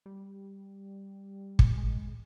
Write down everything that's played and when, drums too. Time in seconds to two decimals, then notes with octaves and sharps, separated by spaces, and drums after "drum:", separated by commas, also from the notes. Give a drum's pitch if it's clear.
0.06 G3
1.59 drum: kick
1.77 G#3